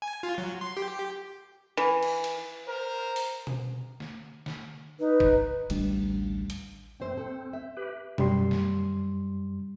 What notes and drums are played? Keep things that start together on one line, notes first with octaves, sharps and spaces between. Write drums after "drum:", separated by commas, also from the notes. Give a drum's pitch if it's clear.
G#5
F4
F#3
C6
G4
E3
drum: cymbal
drum: cymbal
A#4 C5
drum: open hi-hat
drum: tom B2
drum: snare
drum: snare
D#4 B4
drum: kick
A1 D2 G3 D4, drum: cymbal
drum: hi-hat
F#2 A#2 C4 C5
A4
E5
G4 B4
F#2 G3 C6, drum: tom B2
drum: snare